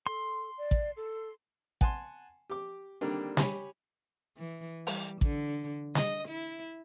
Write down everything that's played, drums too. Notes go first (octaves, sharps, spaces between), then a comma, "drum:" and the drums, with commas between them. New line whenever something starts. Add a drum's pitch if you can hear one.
A4 C6
D5
drum: kick
A4
F#5 G#5 A5 C6, drum: kick
G4 D6
D3 D#3 G3 A#3 C4 D4
G4 C#5 G#5 B5, drum: snare
E3
G3, drum: open hi-hat
D3, drum: kick
D#5, drum: snare
E4